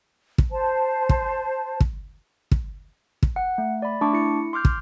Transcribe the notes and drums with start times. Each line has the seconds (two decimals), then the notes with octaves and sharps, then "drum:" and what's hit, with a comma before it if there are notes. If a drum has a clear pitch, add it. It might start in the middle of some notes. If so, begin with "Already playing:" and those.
0.38 drum: kick
0.51 C5 A5
1.09 drum: kick
1.80 drum: kick
2.52 drum: kick
3.23 drum: kick
3.36 F#5
3.58 A3
3.82 D5 B5
4.01 A3 D4 A5 C#6 D6
4.13 E4 C#7
4.53 C6 D6 F6 G6
4.65 drum: kick